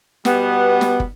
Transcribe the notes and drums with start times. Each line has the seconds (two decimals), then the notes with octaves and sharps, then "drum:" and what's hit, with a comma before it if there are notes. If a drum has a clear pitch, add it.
0.25 B2 G3 B3, drum: snare
0.81 drum: snare
1.00 drum: kick